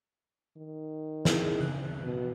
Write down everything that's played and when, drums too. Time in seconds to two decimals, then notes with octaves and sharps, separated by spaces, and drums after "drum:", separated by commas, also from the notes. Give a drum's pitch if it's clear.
0.57 D#3
1.25 E4 G#4, drum: snare
1.61 C#3 F#6
2.03 B2